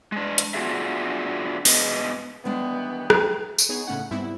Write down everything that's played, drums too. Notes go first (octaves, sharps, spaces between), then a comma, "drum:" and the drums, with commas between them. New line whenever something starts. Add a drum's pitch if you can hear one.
G#3 D4
drum: hi-hat
B3 D4 F4 F#4 G#4 E5
G#2 B3 G#4 B4 D#5, drum: open hi-hat
D#3 E3 G3 G#3 B3 D4 G5
drum: rim click
drum: tambourine
B3 D#4 G#4 C#5
A2 C#3 A3 C#4 F#5
G#2 G3 B3 C4 E4